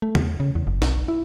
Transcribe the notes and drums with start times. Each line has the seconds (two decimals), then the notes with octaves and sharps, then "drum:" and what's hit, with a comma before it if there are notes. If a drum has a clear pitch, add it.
0.02 A3
0.15 E2, drum: tom
0.40 C#3
0.55 E2
0.67 F#1
0.82 B1, drum: snare
1.08 E4